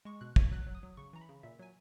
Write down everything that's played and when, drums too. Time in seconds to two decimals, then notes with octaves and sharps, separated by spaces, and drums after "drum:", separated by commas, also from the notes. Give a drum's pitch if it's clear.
0.05 G#3 C#6
0.21 B2 F#6
0.36 B2 G#6, drum: kick
0.51 F#3 F#6
0.67 F#3
0.75 D#6
0.83 F#3
0.97 C#3 C#6
1.13 E3 A#5
1.21 B5
1.29 C#3
1.43 A#2 E5
1.59 F#3 G#5